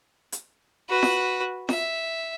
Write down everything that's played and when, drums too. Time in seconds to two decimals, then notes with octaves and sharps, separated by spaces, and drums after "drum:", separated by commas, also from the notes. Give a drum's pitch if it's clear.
0.32 drum: hi-hat
0.89 F#4 B4
1.03 drum: snare F4
1.69 E5, drum: snare F4